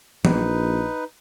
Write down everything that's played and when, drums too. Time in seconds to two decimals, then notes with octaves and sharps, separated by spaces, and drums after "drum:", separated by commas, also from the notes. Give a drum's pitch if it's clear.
0.25 A#1 D#4 B4, drum: tom